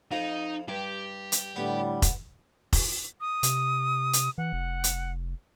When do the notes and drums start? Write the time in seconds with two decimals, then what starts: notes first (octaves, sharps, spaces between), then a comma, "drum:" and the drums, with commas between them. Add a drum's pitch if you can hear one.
0.11 F2 F3 D#4
0.68 G2 G4
1.32 drum: hi-hat
1.56 A2 D3 G3 B3
2.02 drum: kick F1, hi-hat
2.73 drum: kick F1, open hi-hat
3.21 D#6
3.43 C3, drum: hi-hat
4.13 drum: hi-hat
4.38 E3 F#5
4.53 F1
4.84 drum: hi-hat